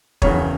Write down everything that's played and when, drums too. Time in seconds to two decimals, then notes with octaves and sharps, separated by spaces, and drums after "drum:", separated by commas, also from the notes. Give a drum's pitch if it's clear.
0.22 E1 E2 C#3 E3 C#5, drum: kick